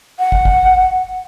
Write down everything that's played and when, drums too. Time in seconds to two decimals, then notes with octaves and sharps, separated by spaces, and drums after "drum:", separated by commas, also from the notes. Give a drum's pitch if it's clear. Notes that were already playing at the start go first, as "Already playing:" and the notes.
0.19 F#5
0.32 drum: kick
0.45 drum: kick